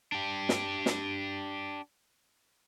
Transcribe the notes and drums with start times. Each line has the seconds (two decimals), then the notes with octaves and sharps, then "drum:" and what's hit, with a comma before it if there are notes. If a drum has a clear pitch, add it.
0.12 D4 G4
0.49 drum: snare
0.86 drum: snare